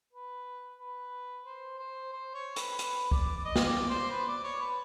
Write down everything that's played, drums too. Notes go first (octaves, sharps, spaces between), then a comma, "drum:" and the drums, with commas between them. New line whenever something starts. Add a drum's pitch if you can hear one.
B4
B4
C5
C5
C5
C#5
B4, drum: hi-hat
B4, drum: hi-hat
D5, drum: kick
D5
D#5
drum: snare
D5
C5
B4
D5
C#5
B4